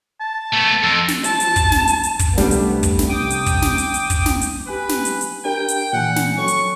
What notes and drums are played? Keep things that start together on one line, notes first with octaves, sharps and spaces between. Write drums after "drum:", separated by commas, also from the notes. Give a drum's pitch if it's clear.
A5
A3 B3
F2 A4
drum: snare
A5, drum: hi-hat
drum: hi-hat
drum: kick, hi-hat
drum: snare
drum: hi-hat
drum: hi-hat
drum: kick, hi-hat
C2 G3 A3 B3 D4, drum: snare
drum: hi-hat
drum: kick, hi-hat
drum: snare
C3 G5 D6 D#6
drum: hi-hat
drum: kick, hi-hat
drum: snare
drum: hi-hat
drum: hi-hat
drum: kick, hi-hat
drum: snare
drum: hi-hat
G4 B4 G#5 F#6
drum: snare
drum: hi-hat
drum: hi-hat
D4 G4 A#4 G5
drum: hi-hat
A#2 E3 F#5 G#5
drum: snare
F#3 A4 C#5 C#6
drum: hi-hat